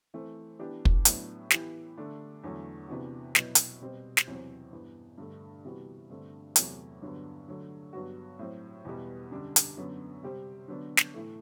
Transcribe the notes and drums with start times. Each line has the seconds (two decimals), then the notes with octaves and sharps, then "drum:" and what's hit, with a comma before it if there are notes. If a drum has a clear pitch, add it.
0.14 E3 A3 C4
0.59 E3 B3 D4 G4
0.85 drum: kick
1.05 A2 F#3 B3 D4, drum: hi-hat
1.51 E3 B3 E4 G4, drum: snare
1.97 D3 A3 D4
2.44 E2 D3 F#3 A3
2.88 C3 E3 B3 D4 F#4
3.35 B2 F#3 B3 E4, drum: snare
3.55 drum: hi-hat
3.81 B2 G3 C4 G4
4.17 drum: snare
4.27 E2 C3 F#3 C4
4.72 G2 E3 B3
5.18 G2 D3 A3
5.65 C3 E3 G3 B3 F#4
6.10 G2 D3 A3 C4
6.56 E2 C3 F#3 A3 E4, drum: hi-hat
7.02 G2 D3 F#3 B3
7.48 D3 F#3 A3
7.93 G2 F#3 B3 F#4
8.39 A2 F#3 C4
8.85 E2 B2 G3 B3
9.31 F#2 D3 G3 D4
9.56 drum: hi-hat
9.77 F#2 D3 F#3 B3
10.23 C3 G3 C4 G4
10.68 D3 F#3 B3 D4
10.97 drum: snare
11.14 A2 E3 A3